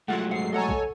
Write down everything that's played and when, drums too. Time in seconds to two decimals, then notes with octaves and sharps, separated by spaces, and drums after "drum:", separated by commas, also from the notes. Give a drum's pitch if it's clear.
0.08 F#3 G#3 A3 E4 F4 G4 F#5
0.31 G#2 F#5 C7
0.52 A4 C#5 D#5 F#5 G#5 A#5
0.69 drum: kick